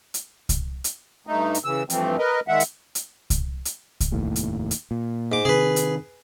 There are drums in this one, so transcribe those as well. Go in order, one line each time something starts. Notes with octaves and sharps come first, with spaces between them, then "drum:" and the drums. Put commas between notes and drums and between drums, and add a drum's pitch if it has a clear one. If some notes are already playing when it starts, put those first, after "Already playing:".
drum: hi-hat
drum: kick C2, hi-hat
drum: hi-hat
G2 A3 D#4
drum: hi-hat
C#3 E3 E6
G2 E3 F3 A3 C4, drum: hi-hat
A#4 B4 D#5
D#3 G#3 E5 F#5
drum: hi-hat
drum: hi-hat
drum: kick C2, hi-hat
drum: hi-hat
drum: kick C2, hi-hat
F1 D#2 A2
drum: hi-hat
drum: hi-hat
A#2
G#2 D6
C3 D#3 G#4 B4
drum: hi-hat